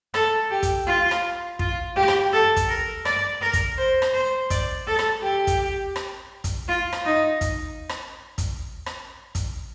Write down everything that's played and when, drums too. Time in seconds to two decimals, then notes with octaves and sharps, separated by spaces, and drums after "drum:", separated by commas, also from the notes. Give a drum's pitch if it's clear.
0.14 A4, drum: rim click
0.51 G4
0.63 drum: kick, hi-hat
0.87 F4
1.11 drum: rim click
1.59 F4, drum: kick
1.96 G4
2.08 drum: rim click
2.33 A4
2.56 drum: kick, hi-hat
2.68 A#4
3.05 D5, drum: rim click
3.41 A#4
3.53 drum: kick, hi-hat
3.78 C5
4.02 drum: rim click
4.14 C5
4.50 D5, drum: kick, hi-hat
4.87 A4
4.99 drum: rim click
5.23 G4
5.47 drum: kick, hi-hat
5.96 drum: rim click
6.44 drum: kick, hi-hat
6.68 F4
6.93 drum: rim click
7.05 D#4
7.41 drum: kick, hi-hat
7.89 drum: rim click
8.38 drum: kick, hi-hat
8.86 drum: rim click
9.35 drum: kick, hi-hat